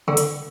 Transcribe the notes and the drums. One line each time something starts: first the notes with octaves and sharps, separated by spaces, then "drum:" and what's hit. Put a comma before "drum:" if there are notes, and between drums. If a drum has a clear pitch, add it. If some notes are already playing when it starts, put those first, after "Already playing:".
D3
drum: hi-hat